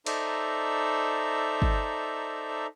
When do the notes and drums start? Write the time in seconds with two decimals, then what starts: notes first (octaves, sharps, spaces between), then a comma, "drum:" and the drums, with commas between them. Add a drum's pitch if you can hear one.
0.06 D#4 A4 C5 D5 E5 A#5, drum: cymbal
1.62 drum: kick